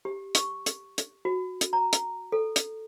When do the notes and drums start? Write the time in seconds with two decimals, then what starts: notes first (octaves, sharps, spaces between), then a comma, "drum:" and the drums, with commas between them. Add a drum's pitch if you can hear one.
0.05 G4
0.35 C#6, drum: hi-hat
0.66 drum: hi-hat
0.98 drum: hi-hat
1.25 F#4
1.61 drum: hi-hat
1.73 A#5
1.93 drum: hi-hat
2.32 A4
2.56 drum: hi-hat